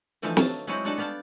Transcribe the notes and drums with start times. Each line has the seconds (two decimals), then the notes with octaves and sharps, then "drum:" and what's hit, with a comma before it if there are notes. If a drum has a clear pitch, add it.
0.22 D3 E3 F3 A3 C4 D#4
0.37 F#3 F5 A5, drum: snare
0.67 F#3 G#3 C4 D#4 E4 F#4
0.84 G3 G#3 D4 D#4 F#4 A4
0.98 B3 D5 F5 G5 A5